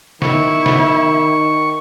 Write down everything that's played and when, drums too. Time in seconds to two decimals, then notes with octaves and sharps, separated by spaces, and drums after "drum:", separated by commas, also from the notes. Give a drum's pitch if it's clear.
0.22 D#3 E4 C#6, drum: snare
0.66 drum: snare